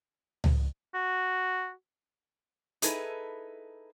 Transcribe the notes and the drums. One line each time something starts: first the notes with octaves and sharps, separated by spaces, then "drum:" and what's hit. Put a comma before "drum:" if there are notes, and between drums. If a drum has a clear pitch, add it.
drum: tom C#2
F#4
D#4 E4 G#4 A4 B4, drum: hi-hat